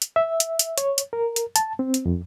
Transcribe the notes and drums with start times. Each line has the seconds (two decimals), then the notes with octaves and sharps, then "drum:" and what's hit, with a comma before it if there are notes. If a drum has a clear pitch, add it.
0.02 drum: hi-hat
0.16 E5
0.40 drum: hi-hat
0.59 drum: hi-hat
0.78 C#5, drum: hi-hat
0.98 drum: hi-hat
1.13 A#4
1.36 drum: hi-hat
1.56 A5, drum: hi-hat
1.79 C4
1.94 drum: hi-hat
2.06 F2